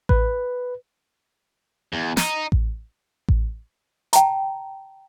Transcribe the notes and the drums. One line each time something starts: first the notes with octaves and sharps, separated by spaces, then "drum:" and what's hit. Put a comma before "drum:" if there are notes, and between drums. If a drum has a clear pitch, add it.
B4, drum: kick A1
E2
D#4, drum: snare
drum: kick A1
drum: kick A1
G5 A5 A#5, drum: hi-hat